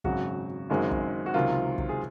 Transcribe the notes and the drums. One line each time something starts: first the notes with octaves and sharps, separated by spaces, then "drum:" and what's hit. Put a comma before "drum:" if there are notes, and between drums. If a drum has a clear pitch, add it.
G#1 F#2 C#3 F#3 F#4, drum: kick
F#1 F#2 D#3 G#3 C4
drum: kick
F#4
C#2 C3 D#3 F#3 F4
drum: kick
G#4